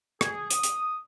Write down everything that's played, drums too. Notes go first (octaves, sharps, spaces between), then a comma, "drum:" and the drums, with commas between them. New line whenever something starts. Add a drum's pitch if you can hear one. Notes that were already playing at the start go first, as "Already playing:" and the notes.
G#4, drum: rim click
D#6, drum: hi-hat
drum: hi-hat